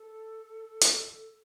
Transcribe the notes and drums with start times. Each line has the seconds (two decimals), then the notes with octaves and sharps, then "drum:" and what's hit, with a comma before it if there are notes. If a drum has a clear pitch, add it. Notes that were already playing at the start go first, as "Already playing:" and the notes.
Already playing: A4
0.81 drum: hi-hat